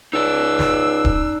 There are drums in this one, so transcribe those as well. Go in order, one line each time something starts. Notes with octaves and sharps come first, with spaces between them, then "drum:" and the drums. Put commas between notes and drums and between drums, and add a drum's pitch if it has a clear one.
C#2 D#4 D5 E6
drum: snare
drum: kick D1